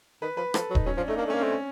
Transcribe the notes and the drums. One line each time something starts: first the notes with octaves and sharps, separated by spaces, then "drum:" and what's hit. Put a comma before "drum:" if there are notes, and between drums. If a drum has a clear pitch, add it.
D#3 B4
F3 B4
F3 A4, drum: rim click
F#3
D#4, drum: kick D#1
F#3 C#4
F3 D4
A3 D#4
A#3 D4
A3
A#3 C#4
A3 C4
C#4